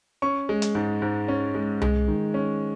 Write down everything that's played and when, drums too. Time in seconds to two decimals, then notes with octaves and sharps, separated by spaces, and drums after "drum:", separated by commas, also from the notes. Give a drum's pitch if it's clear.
0.22 C#4 C#6
0.49 G#3
0.62 drum: hi-hat
0.75 G#2
1.02 G#2
1.28 C#4
1.55 G#3
1.82 G#3, drum: tom C2
2.08 D#3
2.34 C#4